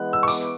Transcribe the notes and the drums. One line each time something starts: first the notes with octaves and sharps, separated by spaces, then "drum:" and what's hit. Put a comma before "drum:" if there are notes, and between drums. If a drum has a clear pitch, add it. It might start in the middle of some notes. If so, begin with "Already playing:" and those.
Already playing: E3 G#3 B3 F#6
E6
C#6
D6, drum: tambourine